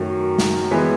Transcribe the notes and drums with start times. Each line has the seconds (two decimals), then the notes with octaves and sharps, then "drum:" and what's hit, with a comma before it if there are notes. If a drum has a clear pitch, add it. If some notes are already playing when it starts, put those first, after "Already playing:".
Already playing: F#2 D#3 F#3 A3
0.38 drum: snare
0.71 E3 G#3 B3